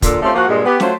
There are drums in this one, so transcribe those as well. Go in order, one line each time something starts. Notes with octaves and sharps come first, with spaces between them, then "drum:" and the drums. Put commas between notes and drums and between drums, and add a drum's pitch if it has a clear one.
A#2 D3, drum: kick, hi-hat
A3 C4 C#4 F4 G4
F3 A#3 F#4
G2 A#2 G#3
B3 G4
F#3 A3 F4 C5, drum: snare